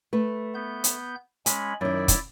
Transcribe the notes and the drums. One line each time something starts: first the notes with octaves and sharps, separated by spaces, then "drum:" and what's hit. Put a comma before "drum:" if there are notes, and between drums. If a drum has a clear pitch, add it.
A3 B4
B3 G6
drum: hi-hat
G#3 C#4 G#5 B5, drum: hi-hat
F#2 D#3 E4 D5
drum: kick, hi-hat